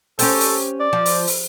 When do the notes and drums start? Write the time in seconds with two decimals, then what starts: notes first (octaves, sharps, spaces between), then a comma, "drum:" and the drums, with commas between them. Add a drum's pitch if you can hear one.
0.19 C#4 G4 A4 C5, drum: open hi-hat
0.40 drum: open hi-hat
0.80 D5
0.93 F3
1.06 drum: open hi-hat
1.27 drum: open hi-hat